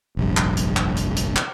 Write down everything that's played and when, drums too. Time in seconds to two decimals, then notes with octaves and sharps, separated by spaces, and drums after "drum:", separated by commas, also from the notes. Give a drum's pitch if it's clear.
0.17 F1 A#1 G2
0.37 drum: clap
0.57 drum: hi-hat
0.77 drum: clap
0.97 drum: hi-hat
1.16 drum: hi-hat
1.36 drum: clap